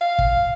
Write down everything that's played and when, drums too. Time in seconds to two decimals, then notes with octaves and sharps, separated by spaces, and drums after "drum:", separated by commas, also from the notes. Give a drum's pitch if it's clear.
0.01 F5
0.19 drum: kick